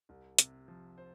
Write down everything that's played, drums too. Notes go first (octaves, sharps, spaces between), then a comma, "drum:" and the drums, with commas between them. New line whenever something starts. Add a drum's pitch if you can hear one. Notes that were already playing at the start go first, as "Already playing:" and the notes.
C2
C3, drum: hi-hat
F3
C5